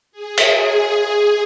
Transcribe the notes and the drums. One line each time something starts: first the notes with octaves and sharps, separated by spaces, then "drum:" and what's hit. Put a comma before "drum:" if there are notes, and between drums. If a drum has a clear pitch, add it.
G#4
drum: cymbal